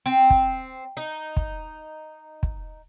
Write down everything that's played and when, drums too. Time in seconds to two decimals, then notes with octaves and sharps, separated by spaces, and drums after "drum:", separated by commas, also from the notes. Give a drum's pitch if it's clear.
0.06 C4
0.30 drum: kick
0.97 D#4
1.37 drum: kick
2.43 drum: kick